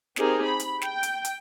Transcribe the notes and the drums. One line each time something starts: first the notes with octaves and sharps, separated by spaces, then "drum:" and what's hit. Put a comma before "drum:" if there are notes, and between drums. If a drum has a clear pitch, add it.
C4 D#4 G4 G#4 A#4, drum: snare
B5
drum: hi-hat
G5, drum: snare
drum: hi-hat
drum: hi-hat